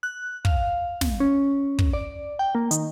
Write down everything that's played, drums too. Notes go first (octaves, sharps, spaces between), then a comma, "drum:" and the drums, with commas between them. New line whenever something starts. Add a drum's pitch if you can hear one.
F#6
F5, drum: kick
drum: snare
C#4
drum: kick
D5
G5
A#3
D#3, drum: hi-hat